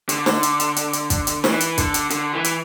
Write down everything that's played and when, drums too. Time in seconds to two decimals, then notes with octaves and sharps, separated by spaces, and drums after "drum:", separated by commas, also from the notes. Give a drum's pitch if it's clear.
0.09 D3, drum: hi-hat
0.26 drum: snare
0.43 drum: hi-hat
0.60 drum: hi-hat
0.76 drum: hi-hat
0.93 drum: hi-hat
1.10 drum: kick, hi-hat
1.27 drum: hi-hat
1.44 E3, drum: snare
1.60 drum: hi-hat
1.78 D3, drum: kick, hi-hat
1.94 drum: hi-hat
2.10 D3, drum: hi-hat
2.33 E3
2.44 drum: hi-hat